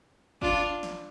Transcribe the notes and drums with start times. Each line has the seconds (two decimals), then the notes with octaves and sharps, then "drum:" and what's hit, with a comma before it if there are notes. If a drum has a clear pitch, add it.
0.42 D4 F4, drum: kick
0.83 drum: snare